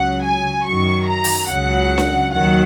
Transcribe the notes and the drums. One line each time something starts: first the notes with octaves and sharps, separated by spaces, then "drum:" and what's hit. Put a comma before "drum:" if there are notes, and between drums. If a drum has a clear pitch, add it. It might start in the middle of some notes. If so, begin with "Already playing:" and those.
Already playing: C#2 C#3 F#3 F#5
G#5
F#2 D#3 F#3 C#6
A#5
drum: open hi-hat
C#2 C#3 F#3 F#5
drum: snare D4
D#2 D#3 F#3 F#5